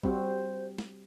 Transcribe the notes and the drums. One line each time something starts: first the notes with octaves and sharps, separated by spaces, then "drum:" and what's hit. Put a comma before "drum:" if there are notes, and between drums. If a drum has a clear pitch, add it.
G3 C4 F#4 C5, drum: kick A1
drum: snare